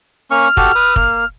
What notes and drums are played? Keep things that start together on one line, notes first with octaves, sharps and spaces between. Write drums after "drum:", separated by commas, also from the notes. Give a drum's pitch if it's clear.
A#3 C#4 C#6 F6
F#4 G4 A4, drum: kick
B4 D#6
A#3, drum: kick